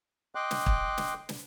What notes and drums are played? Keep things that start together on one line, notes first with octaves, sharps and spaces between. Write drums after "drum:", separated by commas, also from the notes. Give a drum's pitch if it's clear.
D#5 G5 C6 D6 F#6
drum: snare
drum: kick
drum: snare
drum: snare